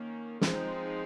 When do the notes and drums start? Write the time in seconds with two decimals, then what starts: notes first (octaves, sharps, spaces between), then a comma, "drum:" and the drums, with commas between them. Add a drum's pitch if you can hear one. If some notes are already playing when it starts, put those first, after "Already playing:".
Already playing: D#3 A#3 C#4
0.41 F3 G#3 C4 D#4, drum: snare